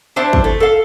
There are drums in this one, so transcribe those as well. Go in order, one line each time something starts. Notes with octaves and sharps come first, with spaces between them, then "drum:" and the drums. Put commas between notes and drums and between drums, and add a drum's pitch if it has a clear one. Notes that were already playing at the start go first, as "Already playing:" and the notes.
D4 E4 C5 A5
drum: kick
A3
A4 F5